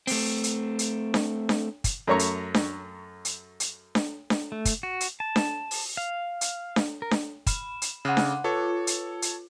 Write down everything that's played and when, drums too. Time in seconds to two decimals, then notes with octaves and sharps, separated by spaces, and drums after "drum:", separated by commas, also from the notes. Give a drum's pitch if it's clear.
0.07 A3 C4, drum: open hi-hat
0.44 drum: hi-hat
0.79 drum: hi-hat
1.14 drum: snare D4
1.49 drum: snare D4
1.84 drum: kick, hi-hat
2.07 F#2 A3 C#5 A#5 C#6
2.19 drum: hi-hat
2.54 drum: snare D4
3.25 drum: hi-hat
3.60 drum: hi-hat
3.95 drum: snare D4
4.30 drum: snare D4
4.52 A3
4.65 drum: kick, hi-hat
4.83 F#4
5.00 drum: hi-hat
5.20 A5
5.36 drum: snare D4
5.71 drum: open hi-hat
5.97 F5
6.41 drum: hi-hat
6.76 drum: snare D4
7.02 A#4
7.11 drum: snare D4
7.47 B5 E7, drum: kick, hi-hat
7.82 drum: hi-hat
8.05 C#3 F#5 D6 F#6
8.17 drum: snare D4
8.44 F4 A4 C#5
8.87 drum: hi-hat
9.22 drum: hi-hat